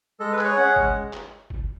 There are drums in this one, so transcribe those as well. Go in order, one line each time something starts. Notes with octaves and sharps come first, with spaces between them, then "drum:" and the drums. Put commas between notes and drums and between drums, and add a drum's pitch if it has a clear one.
G#3 A4
B4
G#4, drum: clap
C#5
C#4 F#5
G#3, drum: kick
drum: clap
drum: kick